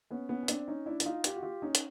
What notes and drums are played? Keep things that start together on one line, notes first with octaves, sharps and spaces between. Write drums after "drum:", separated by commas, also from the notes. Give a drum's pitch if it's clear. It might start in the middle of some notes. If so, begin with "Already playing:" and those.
B3 C#4
B3 C#4
C#4
C4 D4, drum: hi-hat
C#4 D#4
D4 E4
E4, drum: hi-hat
D#4 F4
F4 G4, drum: hi-hat
F#4
F4 G4
C#4 D#4
drum: hi-hat